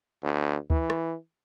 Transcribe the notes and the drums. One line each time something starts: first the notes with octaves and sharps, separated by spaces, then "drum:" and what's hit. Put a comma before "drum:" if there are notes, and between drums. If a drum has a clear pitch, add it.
D2
E3, drum: kick D2
drum: rim click